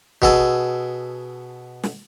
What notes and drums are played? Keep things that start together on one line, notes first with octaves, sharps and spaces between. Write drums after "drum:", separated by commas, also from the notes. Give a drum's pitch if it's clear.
B2 G#4 A4, drum: kick
drum: snare